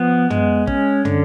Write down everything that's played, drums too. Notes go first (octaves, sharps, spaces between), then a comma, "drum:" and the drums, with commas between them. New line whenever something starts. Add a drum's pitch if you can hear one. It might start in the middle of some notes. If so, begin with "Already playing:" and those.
Already playing: F3 B3
G#3, drum: tom
C#4, drum: kick
D3, drum: tom